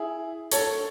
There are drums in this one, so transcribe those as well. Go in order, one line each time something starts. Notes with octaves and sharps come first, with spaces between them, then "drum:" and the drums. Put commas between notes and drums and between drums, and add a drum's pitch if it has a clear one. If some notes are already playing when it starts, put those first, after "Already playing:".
Already playing: E4 G#4
A4 C#5, drum: hi-hat